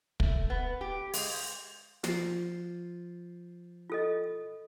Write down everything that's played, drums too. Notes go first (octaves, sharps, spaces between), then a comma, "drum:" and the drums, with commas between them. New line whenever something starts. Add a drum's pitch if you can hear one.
A3, drum: kick
B3
G4
G#3, drum: open hi-hat
F3 C6, drum: snare
F4 A4 D#5